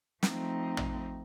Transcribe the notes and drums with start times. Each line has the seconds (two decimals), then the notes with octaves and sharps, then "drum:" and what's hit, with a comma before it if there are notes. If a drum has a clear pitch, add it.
0.23 F3 A3 C4 D#4, drum: snare
0.77 drum: tom